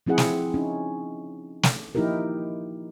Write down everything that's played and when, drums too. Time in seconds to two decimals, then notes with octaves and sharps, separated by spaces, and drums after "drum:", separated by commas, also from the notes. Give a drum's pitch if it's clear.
0.07 F3 C4 E4 G#4 F#5
0.18 drum: snare
0.54 C#4 D#4
1.63 drum: snare
1.95 F3 A#3 D#4 E4 G4 A#4